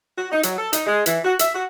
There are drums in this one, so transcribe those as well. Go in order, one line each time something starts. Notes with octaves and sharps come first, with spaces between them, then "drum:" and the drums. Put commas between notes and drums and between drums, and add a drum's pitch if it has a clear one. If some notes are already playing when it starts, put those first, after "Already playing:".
F#4
D#4
F#3, drum: hi-hat
A4
D#4, drum: hi-hat
G#3
E3, drum: hi-hat
F#4
E5, drum: hi-hat
F#4